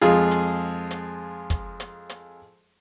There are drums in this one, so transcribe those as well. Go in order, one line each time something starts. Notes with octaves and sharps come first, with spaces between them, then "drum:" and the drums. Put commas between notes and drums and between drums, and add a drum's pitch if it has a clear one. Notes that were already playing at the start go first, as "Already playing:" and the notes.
F2 G#3 F4 G#4, drum: hi-hat
drum: hi-hat
drum: hi-hat
drum: kick, hi-hat
drum: hi-hat
drum: hi-hat